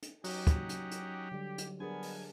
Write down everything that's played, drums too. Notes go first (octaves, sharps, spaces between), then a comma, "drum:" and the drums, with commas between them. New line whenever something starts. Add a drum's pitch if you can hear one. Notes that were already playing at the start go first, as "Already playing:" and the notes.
drum: hi-hat
F#3 C#4 D#4 F#4 G4, drum: open hi-hat
drum: kick, hi-hat
drum: hi-hat
drum: hi-hat
D3 G3
drum: hi-hat
B3 D4 G#4 A#4 G#5
drum: open hi-hat